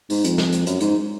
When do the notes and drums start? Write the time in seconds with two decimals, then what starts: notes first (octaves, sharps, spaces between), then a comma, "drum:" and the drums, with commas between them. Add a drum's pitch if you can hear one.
0.10 G#2, drum: open hi-hat
0.24 F2, drum: hi-hat
0.38 drum: snare
0.52 drum: hi-hat
0.66 F#2, drum: hi-hat
0.80 G#2, drum: hi-hat